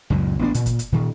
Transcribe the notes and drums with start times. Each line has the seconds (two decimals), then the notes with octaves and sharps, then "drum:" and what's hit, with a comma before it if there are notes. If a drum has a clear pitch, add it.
0.10 C#2 F#2 A#2
0.39 A1 B3 C#4 D4
0.54 A#2, drum: hi-hat
0.66 drum: kick, hi-hat
0.79 drum: hi-hat
0.92 A#2 D#3